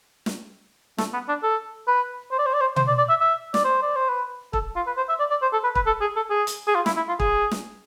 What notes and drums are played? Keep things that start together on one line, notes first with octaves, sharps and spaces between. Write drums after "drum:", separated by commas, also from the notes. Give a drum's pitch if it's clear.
drum: snare
A3, drum: snare
B3
D4
A4
B4
C5
D5
C5
D5
C5
C5, drum: tom B2
D5
D5
E5
E5
D5, drum: snare
C5
D5
C5
B4
A4, drum: kick
F4
B4
C5
E5
D5
D5
C5
A4
B4
B4, drum: kick
A4
G#4
A4
G#4
drum: hi-hat
G#4
F4
E4, drum: snare
E4
F4
G#4, drum: kick
drum: snare